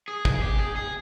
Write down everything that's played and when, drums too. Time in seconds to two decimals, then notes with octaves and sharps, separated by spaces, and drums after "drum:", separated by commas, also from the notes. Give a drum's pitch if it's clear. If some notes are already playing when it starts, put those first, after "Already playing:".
0.08 G#4
0.25 drum: kick
0.42 G4
0.58 G#4
0.76 G#4